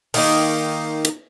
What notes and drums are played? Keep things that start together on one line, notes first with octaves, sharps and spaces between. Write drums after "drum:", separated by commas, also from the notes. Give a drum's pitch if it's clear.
D#3 A#3 D#4, drum: open hi-hat
drum: hi-hat